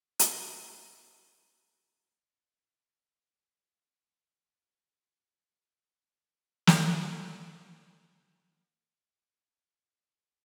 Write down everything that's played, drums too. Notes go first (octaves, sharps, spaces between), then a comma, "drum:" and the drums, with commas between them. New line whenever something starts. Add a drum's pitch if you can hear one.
drum: hi-hat
C#4
G4
C4
A#3
D5
C4
F#4 G#4 B4
drum: snare
D2
A5
A5